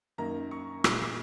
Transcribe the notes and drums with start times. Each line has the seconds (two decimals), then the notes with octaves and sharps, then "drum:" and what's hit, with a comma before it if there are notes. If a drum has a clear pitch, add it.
0.18 F#2 D#3 A#3 A#5
0.51 C#6
0.84 A#2 G#3, drum: rim click